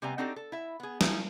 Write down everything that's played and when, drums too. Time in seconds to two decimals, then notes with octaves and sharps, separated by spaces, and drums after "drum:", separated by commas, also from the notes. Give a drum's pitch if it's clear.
0.02 C3 G3 B3 C4 G#5 A#5
0.18 C4 D4 D#4 F#4 G4 A4
0.36 A4
0.52 E4 E5
0.80 B3 G#4
1.01 F3 A3 C#4 D#4 E4, drum: snare